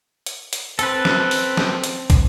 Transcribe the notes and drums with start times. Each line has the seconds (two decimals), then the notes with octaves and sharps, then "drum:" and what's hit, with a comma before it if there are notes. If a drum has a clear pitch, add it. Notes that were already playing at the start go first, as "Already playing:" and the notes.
0.27 drum: hi-hat
0.53 drum: hi-hat
0.79 C4 A4 B4, drum: hi-hat
1.05 drum: snare
1.31 drum: open hi-hat
1.57 drum: snare
1.84 drum: hi-hat
2.10 drum: kick, hi-hat